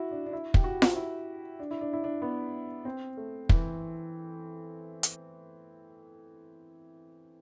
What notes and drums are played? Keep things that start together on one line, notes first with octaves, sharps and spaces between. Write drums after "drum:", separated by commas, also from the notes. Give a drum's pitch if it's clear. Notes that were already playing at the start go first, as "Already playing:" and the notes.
Already playing: E4 F#4
D4
D4
E4
G4, drum: kick
F#4
drum: snare F4
E4
D4
E4
D4
E4
D4
B3
C4
A3
E3, drum: kick
drum: hi-hat